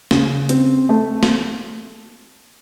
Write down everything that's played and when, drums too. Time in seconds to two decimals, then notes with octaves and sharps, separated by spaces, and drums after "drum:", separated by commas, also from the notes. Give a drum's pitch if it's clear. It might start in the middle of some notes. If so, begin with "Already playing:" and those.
0.11 C#3, drum: snare A#3
0.49 C4, drum: hi-hat
0.89 A3
1.23 drum: snare A#3